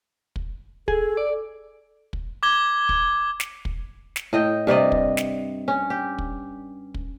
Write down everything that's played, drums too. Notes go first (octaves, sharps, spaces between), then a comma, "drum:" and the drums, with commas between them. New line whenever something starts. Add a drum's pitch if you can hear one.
drum: kick
G#4 A4, drum: kick
D5
drum: kick
D6 G#6 G7
drum: kick
drum: snare
drum: kick
drum: snare
A2 D#5 G5
G2 C3 D5 D#5
drum: kick
drum: snare
C#4
G4
drum: kick
drum: kick